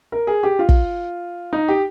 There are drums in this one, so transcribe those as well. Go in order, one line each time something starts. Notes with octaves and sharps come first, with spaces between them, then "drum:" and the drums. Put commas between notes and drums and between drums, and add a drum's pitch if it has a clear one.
A#4
G#4
G4
F4
drum: kick
D#4
G4